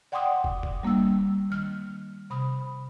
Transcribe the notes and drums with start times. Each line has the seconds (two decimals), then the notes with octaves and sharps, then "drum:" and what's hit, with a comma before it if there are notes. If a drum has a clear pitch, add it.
0.12 D5 F#5 G5 C6 D6 D#6
0.44 drum: kick
0.63 drum: kick
0.83 G3 A#3 D4 E6
1.50 D#3 F6
2.30 C3 B5 D#6